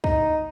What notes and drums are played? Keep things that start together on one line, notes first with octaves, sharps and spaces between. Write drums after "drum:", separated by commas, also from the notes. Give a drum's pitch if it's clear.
D#4, drum: kick